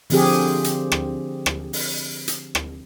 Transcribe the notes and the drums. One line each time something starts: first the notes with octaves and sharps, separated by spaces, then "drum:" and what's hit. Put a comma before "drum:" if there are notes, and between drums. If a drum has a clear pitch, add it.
D3 F3 C4 G4 G#4, drum: open hi-hat
drum: hi-hat
drum: rim click
drum: rim click
drum: open hi-hat
drum: hi-hat
drum: rim click